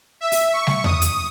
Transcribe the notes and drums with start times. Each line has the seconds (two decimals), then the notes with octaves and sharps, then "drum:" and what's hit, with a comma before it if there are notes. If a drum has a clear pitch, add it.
0.21 E5
0.32 drum: open hi-hat
0.53 C#6
0.67 drum: snare G3
0.84 D#6, drum: tom E2
1.02 drum: hi-hat